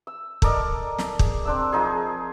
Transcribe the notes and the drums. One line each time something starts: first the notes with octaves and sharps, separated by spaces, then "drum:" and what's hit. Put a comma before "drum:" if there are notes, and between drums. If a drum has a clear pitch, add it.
E6
A4 A#4 D5 D#5, drum: kick
drum: snare
G#4, drum: kick
C4 D4 E6
F3 D#4 G#4